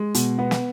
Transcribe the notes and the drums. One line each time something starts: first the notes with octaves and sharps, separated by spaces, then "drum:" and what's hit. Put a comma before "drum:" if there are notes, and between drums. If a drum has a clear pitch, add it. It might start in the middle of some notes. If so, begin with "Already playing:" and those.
Already playing: G#3
B2, drum: hi-hat
B3
drum: snare